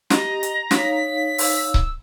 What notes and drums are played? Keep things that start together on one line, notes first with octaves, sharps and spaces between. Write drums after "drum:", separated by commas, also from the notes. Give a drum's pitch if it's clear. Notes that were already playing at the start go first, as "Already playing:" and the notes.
G4 D#5 A#5, drum: snare
drum: hi-hat
D#4 C#5 F5 B6, drum: snare
E6, drum: open hi-hat
drum: kick C#1